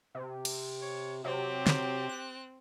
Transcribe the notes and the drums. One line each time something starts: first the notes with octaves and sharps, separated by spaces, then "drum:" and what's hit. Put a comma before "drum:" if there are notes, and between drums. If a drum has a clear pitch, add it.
C3
drum: cymbal
C#5
C3 F#3 C4 G4
drum: snare
F#6